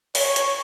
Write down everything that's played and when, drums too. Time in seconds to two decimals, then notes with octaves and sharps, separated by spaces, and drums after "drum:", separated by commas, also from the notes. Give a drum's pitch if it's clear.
0.15 C#5, drum: open hi-hat
0.36 drum: hi-hat